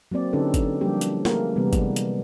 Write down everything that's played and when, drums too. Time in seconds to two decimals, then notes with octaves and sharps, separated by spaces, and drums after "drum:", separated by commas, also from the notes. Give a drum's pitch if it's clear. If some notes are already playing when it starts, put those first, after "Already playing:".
0.11 F#3 A#3 C4 D5
0.33 D3 C#4 D#4 G4 A4 B4
0.54 drum: kick G1, hi-hat
0.81 F3 G3 A#3 D4 G4
1.01 drum: hi-hat
1.25 A3 A#3 E4 G#4 A#4, drum: snare
1.56 C3 E3 G3 G#3 B3
1.73 drum: kick G1, hi-hat
1.96 drum: hi-hat